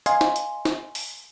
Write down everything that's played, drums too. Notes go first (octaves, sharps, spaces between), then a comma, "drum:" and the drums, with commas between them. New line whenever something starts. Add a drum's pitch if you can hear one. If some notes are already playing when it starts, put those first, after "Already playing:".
D#5 F5 G#5 C6, drum: hi-hat
drum: snare
drum: hi-hat
drum: snare
drum: open hi-hat